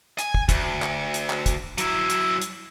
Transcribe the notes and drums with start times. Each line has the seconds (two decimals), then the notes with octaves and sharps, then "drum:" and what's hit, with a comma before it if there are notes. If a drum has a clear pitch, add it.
0.19 G#5, drum: hi-hat
0.34 drum: kick
0.49 D2, drum: kick, hi-hat
0.82 drum: clap
1.14 drum: hi-hat
1.30 drum: clap
1.46 drum: kick, hi-hat
1.78 F#3 E4, drum: hi-hat
2.10 drum: hi-hat
2.42 drum: hi-hat